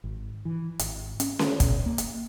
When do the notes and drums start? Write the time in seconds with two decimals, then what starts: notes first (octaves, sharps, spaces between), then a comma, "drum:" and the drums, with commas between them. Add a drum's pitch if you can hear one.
0.04 G#1
0.45 E3
0.79 G#1, drum: hi-hat
1.20 C#4, drum: hi-hat
1.39 drum: snare C#4
1.60 B2, drum: kick, hi-hat
1.86 A#3
1.98 drum: hi-hat